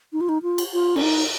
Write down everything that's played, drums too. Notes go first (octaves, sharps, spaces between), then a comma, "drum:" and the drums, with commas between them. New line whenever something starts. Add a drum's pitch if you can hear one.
D#4
F4
D#4
F4
drum: cymbal
F4
C#4, drum: cymbal
D#4